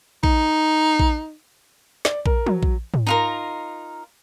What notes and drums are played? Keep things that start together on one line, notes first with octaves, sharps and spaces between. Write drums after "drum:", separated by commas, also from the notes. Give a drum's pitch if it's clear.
D#4, drum: kick A#1
drum: kick A#1
D5, drum: snare
A#4, drum: kick A#1
F#3, drum: tom
drum: kick A#1
drum: tom G#2
D#4 F4 A#4